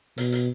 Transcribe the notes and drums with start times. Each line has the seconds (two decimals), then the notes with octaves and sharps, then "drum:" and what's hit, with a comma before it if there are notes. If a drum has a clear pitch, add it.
0.18 B2, drum: hi-hat
0.32 drum: hi-hat